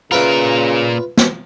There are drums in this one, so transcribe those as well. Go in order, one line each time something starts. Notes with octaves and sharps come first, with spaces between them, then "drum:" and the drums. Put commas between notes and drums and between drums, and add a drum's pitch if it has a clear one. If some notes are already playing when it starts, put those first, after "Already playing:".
A#2 C#3 F4 A#4 B4 E5
drum: snare